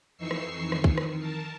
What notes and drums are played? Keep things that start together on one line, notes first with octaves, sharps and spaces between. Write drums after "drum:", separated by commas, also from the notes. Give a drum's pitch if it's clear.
F2 E3 D#4 C#6 E6 C7
drum: rim click
D#3, drum: rim click
drum: kick
drum: rim click
A#4 A5